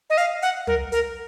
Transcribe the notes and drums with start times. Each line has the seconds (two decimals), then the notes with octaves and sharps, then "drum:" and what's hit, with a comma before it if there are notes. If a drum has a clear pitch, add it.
0.10 D#5
0.18 F5, drum: hi-hat
0.42 F#5, drum: hi-hat
0.67 A#4, drum: tom
0.92 A#4, drum: hi-hat